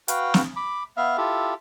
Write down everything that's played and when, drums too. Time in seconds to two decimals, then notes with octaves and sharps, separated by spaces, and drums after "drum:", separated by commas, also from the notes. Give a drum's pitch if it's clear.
0.08 F#4 B4 F5 G5, drum: hi-hat
0.34 drum: snare
0.56 B5 D6
0.97 B3 E5 F5
1.17 E4 F4 G4 A4